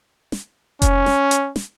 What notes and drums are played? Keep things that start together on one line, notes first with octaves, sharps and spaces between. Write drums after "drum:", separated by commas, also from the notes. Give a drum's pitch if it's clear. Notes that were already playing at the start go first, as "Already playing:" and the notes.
drum: snare
C#4, drum: kick F1, hi-hat
drum: snare
drum: hi-hat
drum: snare